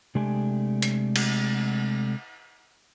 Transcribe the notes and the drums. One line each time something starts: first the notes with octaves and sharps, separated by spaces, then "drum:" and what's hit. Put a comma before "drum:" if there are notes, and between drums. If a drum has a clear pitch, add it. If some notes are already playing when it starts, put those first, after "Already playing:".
C3 G#3 A3 D4 G4 G#5
drum: hi-hat
drum: cymbal